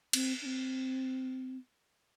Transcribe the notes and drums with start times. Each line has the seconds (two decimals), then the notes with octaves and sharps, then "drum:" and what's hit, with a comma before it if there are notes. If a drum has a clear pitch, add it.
0.13 C4, drum: cymbal
0.41 D4
0.45 C4